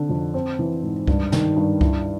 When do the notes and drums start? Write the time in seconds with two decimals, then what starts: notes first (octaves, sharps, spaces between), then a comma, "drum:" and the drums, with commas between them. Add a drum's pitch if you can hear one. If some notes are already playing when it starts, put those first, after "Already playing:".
Already playing: D3 C4
0.09 F2
0.34 C4
0.59 E3
0.83 G#2
1.07 G2, drum: kick C#2
1.32 D#3, drum: snare
1.56 G2
1.81 E4, drum: kick C#2